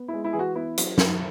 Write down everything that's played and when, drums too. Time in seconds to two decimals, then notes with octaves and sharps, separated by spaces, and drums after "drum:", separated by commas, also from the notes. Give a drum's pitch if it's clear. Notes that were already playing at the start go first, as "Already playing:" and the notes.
Already playing: B3
0.08 G#3 E4
0.24 E4
0.33 E3 G#4
0.39 F#4
0.55 B3 E4
0.78 F#3, drum: hi-hat
0.98 F#2, drum: snare